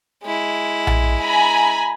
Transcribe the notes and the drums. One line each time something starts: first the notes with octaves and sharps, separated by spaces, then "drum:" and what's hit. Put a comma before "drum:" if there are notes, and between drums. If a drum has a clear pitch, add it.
G#3 E4
drum: tom A#1
G#5 A#5 B5